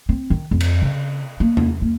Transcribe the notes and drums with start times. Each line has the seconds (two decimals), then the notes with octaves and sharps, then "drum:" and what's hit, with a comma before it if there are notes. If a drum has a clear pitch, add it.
0.09 C4
0.30 D#3
0.51 F2
0.61 drum: cymbal
0.82 C#3
1.40 A#3
1.57 drum: tom
1.81 A#3